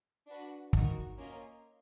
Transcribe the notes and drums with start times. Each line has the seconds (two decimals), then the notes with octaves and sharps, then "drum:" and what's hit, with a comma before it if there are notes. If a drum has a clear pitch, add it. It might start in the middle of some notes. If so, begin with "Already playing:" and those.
0.28 D4 F#4 B4
0.73 D#4 F#4 A#4, drum: kick
1.17 A#3 C#4 F4 A#4 D#5